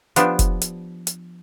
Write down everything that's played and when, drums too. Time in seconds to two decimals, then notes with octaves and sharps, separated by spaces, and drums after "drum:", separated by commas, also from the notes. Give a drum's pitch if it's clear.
0.16 F3 B3 D4 G4, drum: hi-hat
0.39 drum: kick F1, hi-hat
0.61 drum: hi-hat
1.07 drum: hi-hat